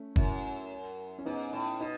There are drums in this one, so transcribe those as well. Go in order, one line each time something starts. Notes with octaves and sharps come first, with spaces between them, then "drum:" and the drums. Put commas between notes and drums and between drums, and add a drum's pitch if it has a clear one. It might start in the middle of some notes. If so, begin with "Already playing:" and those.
Already playing: A3 C#4
F#2 C#4 E4, drum: kick
C#4
G#2 B3 D#4
A2
B2 B3 D#4